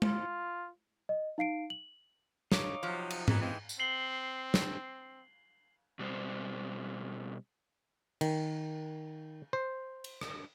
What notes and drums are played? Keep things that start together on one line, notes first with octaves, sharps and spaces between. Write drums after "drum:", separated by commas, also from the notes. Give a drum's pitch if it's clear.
F4, drum: tom
D#5
D#4 F5 C7 D7
F#7
D#4 C#5 F5 D6, drum: snare
C3 F3 F#3
drum: cymbal
D#3 E3 B3, drum: tom G#2
D#2 E3 G#3 G5
drum: tambourine
C4 C7 F#7 G7
drum: snare
B2 G3 C4 C5
D#3, drum: cymbal
C5
drum: cymbal
drum: rim click